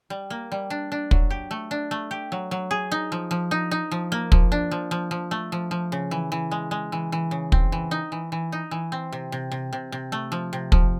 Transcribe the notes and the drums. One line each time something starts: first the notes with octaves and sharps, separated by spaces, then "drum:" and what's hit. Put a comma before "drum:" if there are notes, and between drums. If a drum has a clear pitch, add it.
G3
A#3
G3
D4
D4
F#3, drum: kick
G4
A3
D4
A3
G4
F#3
F#3
G#4
D#4
F3
F3
D#4
D#4
F3
A#3
F3, drum: kick
D4
F3
F3
F3
A3
F3
F3
C#3
E3
E3
G#3
G#3
E3
E3
C#3
C4, drum: kick
E3
D#4
E3
E3
D#4
E3
C4
C3
C3
C3
C3
C3
A3
F3
C3
F3, drum: kick